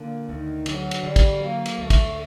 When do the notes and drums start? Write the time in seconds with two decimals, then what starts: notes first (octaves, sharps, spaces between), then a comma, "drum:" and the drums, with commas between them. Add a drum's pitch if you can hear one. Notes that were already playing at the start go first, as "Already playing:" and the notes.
Already playing: A#2 D3
0.29 D2 D#3
0.66 D3 F#3, drum: cymbal
0.91 drum: cymbal
1.03 D3 G3
1.16 drum: kick, cymbal
1.40 F#3 A#3
1.66 drum: cymbal
1.78 D2 A3
1.90 drum: kick, cymbal